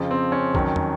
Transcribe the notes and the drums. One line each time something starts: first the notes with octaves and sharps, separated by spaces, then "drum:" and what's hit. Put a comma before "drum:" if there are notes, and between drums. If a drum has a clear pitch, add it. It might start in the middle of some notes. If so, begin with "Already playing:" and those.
Already playing: F2 C#3 F3
C4
C#4
F2 D#3 F#3, drum: kick
drum: tom